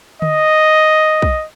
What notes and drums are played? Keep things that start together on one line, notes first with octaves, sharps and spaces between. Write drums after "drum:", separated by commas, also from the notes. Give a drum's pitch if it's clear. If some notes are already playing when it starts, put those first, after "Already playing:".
D#5, drum: tom D3
drum: kick